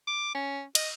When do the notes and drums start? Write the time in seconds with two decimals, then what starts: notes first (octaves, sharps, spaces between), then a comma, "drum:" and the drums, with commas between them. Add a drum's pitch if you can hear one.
0.07 D6
0.35 C#4
0.75 D#5, drum: cymbal